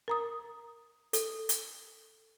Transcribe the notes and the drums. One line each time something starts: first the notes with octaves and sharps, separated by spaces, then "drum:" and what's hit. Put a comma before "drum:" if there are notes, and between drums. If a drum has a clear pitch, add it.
A#4 A#5 D#6
A4, drum: hi-hat
drum: hi-hat